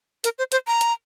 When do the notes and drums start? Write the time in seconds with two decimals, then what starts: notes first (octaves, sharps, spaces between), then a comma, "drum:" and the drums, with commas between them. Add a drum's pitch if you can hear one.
0.24 A#4, drum: hi-hat
0.38 C5
0.52 C5, drum: hi-hat
0.67 A#5
0.81 drum: hi-hat